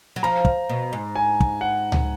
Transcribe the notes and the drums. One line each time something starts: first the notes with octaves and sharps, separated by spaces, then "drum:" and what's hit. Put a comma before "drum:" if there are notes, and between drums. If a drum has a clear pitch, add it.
F#3
F3 A#5
drum: kick
B2
G#2
G#5
drum: kick
F#5
drum: tom C#2